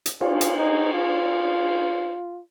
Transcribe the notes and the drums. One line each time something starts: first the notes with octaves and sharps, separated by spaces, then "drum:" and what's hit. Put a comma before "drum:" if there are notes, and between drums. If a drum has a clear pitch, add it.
drum: hi-hat
F4, drum: cymbal
drum: hi-hat
D#4
F4